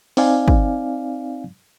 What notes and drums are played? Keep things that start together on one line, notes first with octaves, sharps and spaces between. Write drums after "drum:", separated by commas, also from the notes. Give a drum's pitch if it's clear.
C4 D#4 D5 F5 G#5, drum: open hi-hat
drum: kick